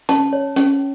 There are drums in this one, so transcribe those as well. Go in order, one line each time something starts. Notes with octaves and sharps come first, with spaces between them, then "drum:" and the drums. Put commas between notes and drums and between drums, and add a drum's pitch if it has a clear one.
C#4 A5, drum: hi-hat
C#5
C#4, drum: hi-hat